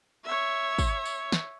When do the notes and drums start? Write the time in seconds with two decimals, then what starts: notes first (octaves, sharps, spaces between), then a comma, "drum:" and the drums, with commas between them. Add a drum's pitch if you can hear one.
0.25 C#5 E5
0.79 drum: kick, tambourine
1.05 drum: tambourine
1.32 drum: snare